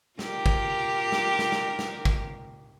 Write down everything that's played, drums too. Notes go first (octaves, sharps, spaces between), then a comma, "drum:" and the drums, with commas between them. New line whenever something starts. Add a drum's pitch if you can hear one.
F4 G4 A#4, drum: snare
drum: kick
drum: snare
drum: snare
drum: snare
drum: snare
drum: kick